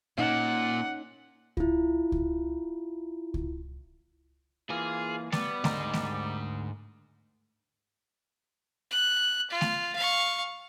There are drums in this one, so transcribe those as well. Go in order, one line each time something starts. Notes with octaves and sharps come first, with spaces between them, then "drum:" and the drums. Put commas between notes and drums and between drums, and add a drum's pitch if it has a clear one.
A#2 C#4 D#4 F#5
E4 F4, drum: kick C#2
drum: kick C#2
drum: kick C#2
E3 A#3 F4 G#4
G3 B3 D5, drum: snare A3
D2 G#2 A#4 D#5, drum: snare A3
drum: snare A3
F#6
F4
drum: snare A3
F5 C#6